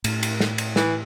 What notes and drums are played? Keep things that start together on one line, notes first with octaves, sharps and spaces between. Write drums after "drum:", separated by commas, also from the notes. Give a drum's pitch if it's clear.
A2, drum: cymbal
drum: cymbal
drum: snare
drum: cymbal
E3, drum: snare